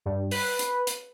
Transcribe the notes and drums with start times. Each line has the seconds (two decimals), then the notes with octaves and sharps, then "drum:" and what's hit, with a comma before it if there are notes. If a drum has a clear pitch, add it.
0.06 G2
0.31 B4, drum: open hi-hat
0.59 drum: hi-hat
0.87 drum: hi-hat